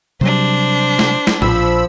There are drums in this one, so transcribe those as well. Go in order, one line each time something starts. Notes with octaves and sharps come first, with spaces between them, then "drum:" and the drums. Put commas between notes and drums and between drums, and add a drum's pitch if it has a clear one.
C3 F#3 G3 D4 C5
drum: snare
drum: snare
A#1 F3 B5 E6, drum: tom A2